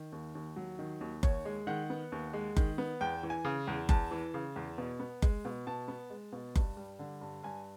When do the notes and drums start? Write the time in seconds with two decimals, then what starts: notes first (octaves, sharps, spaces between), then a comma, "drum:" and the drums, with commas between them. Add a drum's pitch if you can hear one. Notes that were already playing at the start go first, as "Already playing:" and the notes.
Already playing: D#3
0.12 D#2
0.35 D#2
0.56 F#3
0.79 D#3
1.01 D#2
1.23 D#2 C#5, drum: kick F#1
1.45 G#3
1.67 D#3 F#5
1.90 B3
2.12 D#2
2.33 G#3
2.57 D#3, drum: kick F#1
2.78 B3
3.01 E2 G5
3.23 E3
3.30 G#5
3.45 C#3
3.67 E2
3.89 E2 A5, drum: kick F#1
4.11 E3
4.34 C#3
4.56 E2
4.78 B2
5.00 B3
5.22 G#3, drum: kick F#1
5.45 B2
5.67 B2 A5
5.88 B3
6.10 G#3
6.32 B2
6.56 G2, drum: kick F#1
6.77 G3
6.99 D3
7.21 G2
7.43 G2 G#5